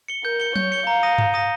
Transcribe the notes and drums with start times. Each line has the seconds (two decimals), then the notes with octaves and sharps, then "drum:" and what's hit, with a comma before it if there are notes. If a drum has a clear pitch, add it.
0.08 C#7 G7
0.24 A#4 G6
0.40 C#7 G7
0.56 C#5 G6, drum: tom F#3
0.72 C#7 G7
0.87 F5 A#5
1.03 D#6 A#6 D#7
1.18 A#5, drum: tom G2
1.34 D#6 A#6 D#7